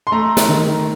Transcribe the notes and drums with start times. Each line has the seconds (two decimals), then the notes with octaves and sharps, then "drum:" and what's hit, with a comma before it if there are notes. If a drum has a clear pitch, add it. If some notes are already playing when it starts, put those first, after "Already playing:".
0.07 C6
0.12 A3 A#5
0.37 drum: snare
0.49 D#3